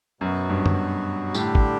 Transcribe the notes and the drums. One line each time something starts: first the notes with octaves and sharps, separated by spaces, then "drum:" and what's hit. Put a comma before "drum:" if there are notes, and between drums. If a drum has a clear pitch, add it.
F#2 B2 F#3 B3 F#4
G2
drum: tom
A2 D3 G3 D4 G4, drum: tambourine
drum: kick